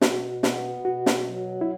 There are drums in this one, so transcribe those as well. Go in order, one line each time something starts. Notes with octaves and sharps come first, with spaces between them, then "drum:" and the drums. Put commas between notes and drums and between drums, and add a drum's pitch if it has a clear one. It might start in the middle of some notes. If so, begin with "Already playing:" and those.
B2 F#4, drum: snare
B3, drum: snare
B2 F#4
drum: snare
F#3
E4